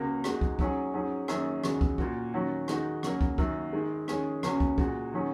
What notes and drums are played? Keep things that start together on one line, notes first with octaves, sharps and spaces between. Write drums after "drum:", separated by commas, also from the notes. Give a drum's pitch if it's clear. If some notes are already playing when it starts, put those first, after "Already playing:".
Already playing: C#2 C#3 A#3 F#4
G#2 G#3 D#4 F#4, drum: rim click
drum: kick
G#2 F#3 C#4 G#4, drum: kick
G#2 F#3 C#4 G#4
F#2 D#3 A#3 C#4 G#4, drum: rim click
D#2 C#3 G#3 F#4, drum: rim click
drum: kick
A#2 A#3 F#4, drum: kick
D#3 F#3 C#4 F#4
D#3 G#3 D#4 F#4, drum: rim click
C#3 F#3 A#3, drum: rim click
drum: kick
F#2 D#3 A#3 F#4, drum: kick
G#2 D#3 G#3
D#3 G#3 C#4 G#4, drum: rim click
C#2 C#3 A#3 C#4 F#4, drum: rim click
drum: kick
A#2 G#3 F#4, drum: kick
D#3 F#3 C#4 G#4